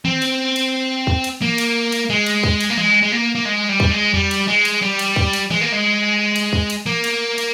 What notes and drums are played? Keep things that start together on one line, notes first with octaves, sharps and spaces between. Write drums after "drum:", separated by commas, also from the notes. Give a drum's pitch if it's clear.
C4, drum: tom D#3
drum: cymbal
drum: cymbal
drum: kick
drum: cymbal
A#3, drum: tom
drum: cymbal
drum: cymbal
G#3
drum: cymbal
drum: kick
drum: cymbal
A#3
G#3, drum: tom
G#3
A#3
A#3
G#3
G3
drum: kick
G#3
G3, drum: tom E2
drum: cymbal
G#3
drum: cymbal
G3
drum: cymbal
drum: kick
drum: cymbal
G#3, drum: tom D#3
A#3
G#3
drum: cymbal
drum: kick
drum: cymbal
A#3, drum: tom
drum: cymbal
drum: cymbal